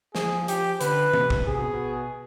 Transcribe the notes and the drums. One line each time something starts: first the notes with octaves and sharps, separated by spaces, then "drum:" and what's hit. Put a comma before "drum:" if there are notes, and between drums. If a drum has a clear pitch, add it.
F3 G#4, drum: snare
G4, drum: hi-hat
D3 B4, drum: hi-hat
C3, drum: tom D#3
drum: kick
C3 G#4
B2
B2